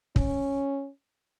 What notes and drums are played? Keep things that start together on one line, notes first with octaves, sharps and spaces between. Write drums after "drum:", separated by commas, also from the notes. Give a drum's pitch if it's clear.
C#4, drum: kick